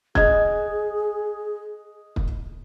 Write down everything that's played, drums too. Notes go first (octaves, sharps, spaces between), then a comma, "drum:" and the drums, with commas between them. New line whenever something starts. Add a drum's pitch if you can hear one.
G#4 D#5 G#6, drum: kick
drum: kick